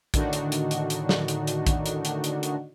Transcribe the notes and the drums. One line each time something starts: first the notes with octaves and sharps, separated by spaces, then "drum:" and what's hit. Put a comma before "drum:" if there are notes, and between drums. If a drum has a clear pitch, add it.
A2 D3 D#3 D4 D#4 F#4, drum: kick A#1, hi-hat
drum: hi-hat
drum: hi-hat
drum: hi-hat
drum: hi-hat
drum: snare
drum: hi-hat
drum: hi-hat
drum: kick A#1, hi-hat
drum: hi-hat
drum: hi-hat
drum: hi-hat
drum: hi-hat